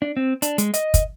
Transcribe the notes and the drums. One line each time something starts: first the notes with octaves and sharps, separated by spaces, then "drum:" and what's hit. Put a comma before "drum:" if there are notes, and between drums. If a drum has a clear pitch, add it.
D4
C4
D4, drum: hi-hat
G#3, drum: hi-hat
D#5, drum: hi-hat
drum: kick, hi-hat